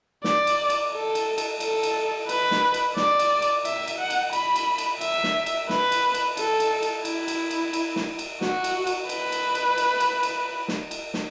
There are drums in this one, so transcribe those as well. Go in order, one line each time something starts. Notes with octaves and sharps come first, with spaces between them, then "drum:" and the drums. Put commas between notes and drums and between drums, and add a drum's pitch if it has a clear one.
D5, drum: snare
drum: cymbal
drum: cymbal
A4
drum: cymbal
drum: cymbal
A4, drum: cymbal
drum: cymbal
B4, drum: cymbal
drum: snare
drum: cymbal
D5, drum: snare
drum: cymbal
drum: cymbal
E5, drum: cymbal
drum: cymbal
F#5
drum: cymbal
B5, drum: cymbal
drum: cymbal
drum: cymbal
E5, drum: cymbal
drum: snare
drum: cymbal
B4, drum: snare
drum: cymbal
drum: cymbal
A4, drum: cymbal
drum: cymbal
drum: cymbal
E4, drum: cymbal
drum: cymbal
drum: cymbal
drum: cymbal
drum: snare
drum: cymbal
F#4, drum: snare
drum: cymbal
drum: cymbal
B4, drum: cymbal
drum: cymbal
drum: cymbal
drum: cymbal
drum: cymbal
drum: cymbal
drum: snare
drum: cymbal
drum: snare